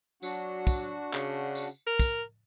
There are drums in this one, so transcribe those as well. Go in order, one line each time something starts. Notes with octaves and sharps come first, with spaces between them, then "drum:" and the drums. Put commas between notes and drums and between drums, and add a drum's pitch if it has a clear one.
F#3 D4 F#4 F#5, drum: tambourine
drum: kick, tambourine
C#3, drum: clap
drum: tambourine
A#4
drum: kick, tambourine